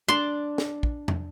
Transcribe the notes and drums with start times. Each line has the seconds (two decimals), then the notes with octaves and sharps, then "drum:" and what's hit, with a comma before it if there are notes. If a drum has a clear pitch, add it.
0.08 D4 C6
0.58 drum: snare
0.83 drum: kick
1.08 drum: tom E2